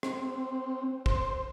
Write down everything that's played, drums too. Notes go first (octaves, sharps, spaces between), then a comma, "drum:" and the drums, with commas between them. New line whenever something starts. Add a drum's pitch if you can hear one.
C4, drum: rim click
C5, drum: kick